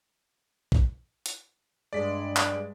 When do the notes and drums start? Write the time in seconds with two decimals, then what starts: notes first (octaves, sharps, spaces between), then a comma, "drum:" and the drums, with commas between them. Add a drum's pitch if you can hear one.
0.72 drum: kick
1.26 drum: hi-hat
1.93 G2 G#3 D5 B6
2.36 drum: clap